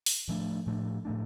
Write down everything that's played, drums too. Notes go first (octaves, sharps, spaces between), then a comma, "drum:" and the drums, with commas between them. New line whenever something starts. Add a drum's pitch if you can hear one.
drum: open hi-hat
A2 F3 A3 D4
A2 F3 A3 D4
A2 F3 A3 D4